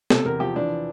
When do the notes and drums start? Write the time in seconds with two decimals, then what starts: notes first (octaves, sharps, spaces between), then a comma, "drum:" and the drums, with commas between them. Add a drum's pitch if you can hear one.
0.10 C3 A4, drum: snare
0.25 E2 A#4
0.40 F3 G4
0.56 E3 D4